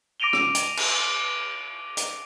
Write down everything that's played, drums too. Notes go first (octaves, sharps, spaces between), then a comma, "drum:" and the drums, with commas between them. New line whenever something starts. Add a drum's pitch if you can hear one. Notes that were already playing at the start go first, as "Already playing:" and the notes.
D6 A#6 D7 D#7 F7 G7
drum: rim click
drum: hi-hat
drum: cymbal
drum: hi-hat